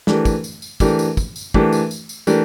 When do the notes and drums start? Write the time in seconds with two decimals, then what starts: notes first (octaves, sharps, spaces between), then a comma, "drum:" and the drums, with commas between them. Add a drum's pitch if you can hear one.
0.07 E3 A3 D4 G4 A#4, drum: snare
0.25 drum: kick, tambourine
0.44 drum: tambourine
0.62 drum: tambourine
0.80 E3 A3 D4 G4 A#4, drum: kick, tambourine
0.99 drum: tambourine
1.17 drum: kick, tambourine
1.36 drum: tambourine
1.54 E3 A3 D4 G4 A#4, drum: kick
1.72 drum: tambourine
1.91 drum: tambourine
2.09 drum: tambourine
2.27 E3 A3 D4 G4 A#4, drum: tambourine